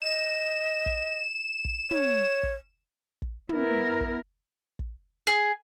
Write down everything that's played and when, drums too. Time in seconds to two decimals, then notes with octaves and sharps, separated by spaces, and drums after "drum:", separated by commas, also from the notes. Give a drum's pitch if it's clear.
0.02 D#5 E7
0.86 drum: kick
1.65 drum: kick
1.91 C#5, drum: tom
2.43 drum: kick
3.22 drum: kick
3.49 B3 E4 A#4, drum: tom
4.00 drum: kick
4.79 drum: kick
5.27 G#4